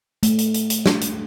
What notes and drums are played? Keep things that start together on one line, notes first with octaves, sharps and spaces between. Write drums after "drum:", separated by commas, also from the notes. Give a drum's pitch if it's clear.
A3, drum: hi-hat
drum: hi-hat
drum: hi-hat
drum: hi-hat
drum: snare
drum: hi-hat